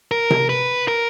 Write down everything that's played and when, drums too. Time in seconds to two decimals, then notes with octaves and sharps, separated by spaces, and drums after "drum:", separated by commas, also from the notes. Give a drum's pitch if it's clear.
0.11 A#4
0.30 drum: tom C3
0.49 B4
0.88 A#4